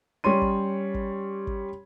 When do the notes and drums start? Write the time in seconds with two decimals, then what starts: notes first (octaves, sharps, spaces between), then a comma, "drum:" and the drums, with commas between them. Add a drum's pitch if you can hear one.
0.24 G3 C#4 C#5 C6 D#7
0.42 drum: kick
0.94 drum: kick
1.47 drum: kick